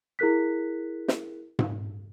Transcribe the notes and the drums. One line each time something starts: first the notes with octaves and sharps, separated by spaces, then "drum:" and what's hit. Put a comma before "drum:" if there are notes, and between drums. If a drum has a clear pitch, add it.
E4 G#4 A#4 F#6 B6
drum: snare
drum: tom G#2